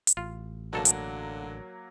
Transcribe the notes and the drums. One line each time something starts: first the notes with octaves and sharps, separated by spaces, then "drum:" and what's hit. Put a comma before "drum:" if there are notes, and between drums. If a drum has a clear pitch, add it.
drum: hi-hat
A1 F4
B2 D3 F#3 A#3 A4 A5
drum: hi-hat